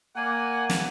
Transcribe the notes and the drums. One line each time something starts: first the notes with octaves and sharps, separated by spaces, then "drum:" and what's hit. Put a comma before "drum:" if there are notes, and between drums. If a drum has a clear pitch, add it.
A#3 A#4 D5 F#5 G#5
drum: snare